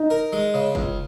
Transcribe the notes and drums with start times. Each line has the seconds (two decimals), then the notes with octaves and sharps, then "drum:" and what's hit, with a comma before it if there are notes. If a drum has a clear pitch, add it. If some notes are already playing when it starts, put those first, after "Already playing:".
Already playing: D#4
0.10 A#4
0.33 G#3
0.54 C#3
0.75 C#2, drum: kick